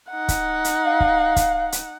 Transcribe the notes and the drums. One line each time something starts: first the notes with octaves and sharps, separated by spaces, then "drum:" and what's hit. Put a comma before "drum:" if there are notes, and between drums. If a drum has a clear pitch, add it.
D#4 F#5
drum: kick, hi-hat
drum: hi-hat
F5
drum: kick
drum: kick, hi-hat
drum: hi-hat